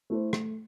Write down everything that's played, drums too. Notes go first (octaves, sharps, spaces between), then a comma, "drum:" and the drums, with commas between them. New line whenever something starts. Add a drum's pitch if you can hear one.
A3 E4 A4 C5
A3, drum: rim click